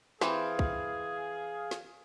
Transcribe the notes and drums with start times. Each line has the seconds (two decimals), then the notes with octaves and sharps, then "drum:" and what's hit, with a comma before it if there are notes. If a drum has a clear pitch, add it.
0.21 E3 C4 G#4 F5, drum: snare
0.59 drum: kick
1.71 drum: snare